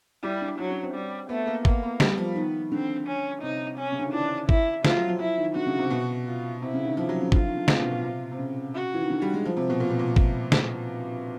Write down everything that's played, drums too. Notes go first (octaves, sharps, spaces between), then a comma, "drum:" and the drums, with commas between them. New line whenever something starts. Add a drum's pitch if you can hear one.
G3 E4
D4
F#3 D4
C#4
C4
G3
A3 B3
A#3
A#3 B3, drum: kick
B3
G3, drum: snare
F3
D#3 B3
D3 C4
C#4
C3 D#4
C#4
C#3
D3
D#3
E3 D4
E4, drum: kick
F3 F4, drum: snare
F#3
F3
F3 E4
D#3
D3 F#4
C#3
C3
B2
F4
C3 E4
C#3
D#3
F3
F#3
C#3
D3 F4, drum: kick
D#3
D3
C3, drum: snare
B2
A#2
C3
C3
C#3
F#4
E3
D#3
D3
G3
G#3
F3
C3
B2
A#2
B2
A#2
drum: kick
drum: snare